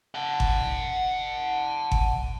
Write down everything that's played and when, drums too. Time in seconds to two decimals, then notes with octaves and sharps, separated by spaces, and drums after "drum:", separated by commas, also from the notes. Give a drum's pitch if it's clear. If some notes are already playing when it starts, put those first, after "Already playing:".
0.15 F#5 A5
0.40 drum: kick G1
1.92 drum: kick G1